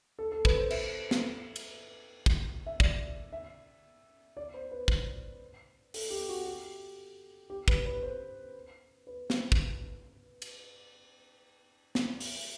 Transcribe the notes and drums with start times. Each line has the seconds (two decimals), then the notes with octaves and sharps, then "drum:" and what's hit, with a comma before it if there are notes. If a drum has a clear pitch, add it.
0.19 A4
0.32 A4
0.45 B4, drum: kick
0.57 C5
0.70 E5, drum: cymbal
1.11 drum: snare
1.56 drum: cymbal
2.26 drum: kick
2.66 E5
2.80 D5, drum: kick
3.32 E5
4.37 D5
4.54 C5
4.71 B4
4.88 drum: kick
5.94 A4, drum: open hi-hat
6.10 G4
6.29 F#4
6.45 G4
7.50 G4
7.68 B4, drum: kick
7.86 B4
8.03 C5
9.07 B4
9.30 drum: snare
9.52 drum: kick
10.42 drum: cymbal
11.95 drum: snare
12.20 drum: open hi-hat